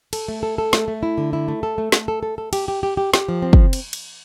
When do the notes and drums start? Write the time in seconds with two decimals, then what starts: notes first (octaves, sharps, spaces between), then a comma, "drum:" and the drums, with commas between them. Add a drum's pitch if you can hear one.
0.13 A4, drum: cymbal
0.28 A3
0.43 A4
0.58 A4
0.73 A3, drum: snare
0.88 A3
1.03 E4
1.18 D3
1.33 E4
1.48 A3
1.63 A4
1.78 A3
1.92 A3, drum: snare
2.08 A4
2.23 A4
2.38 A4
2.53 G4, drum: cymbal
2.68 G4
2.83 G4
2.97 G4
3.14 G4, drum: snare
3.29 F3
3.42 C4
3.53 drum: kick
3.73 drum: cymbal
3.93 drum: cymbal